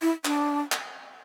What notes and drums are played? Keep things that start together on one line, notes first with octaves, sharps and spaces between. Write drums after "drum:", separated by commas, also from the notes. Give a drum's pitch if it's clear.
E4
D4, drum: clap
drum: clap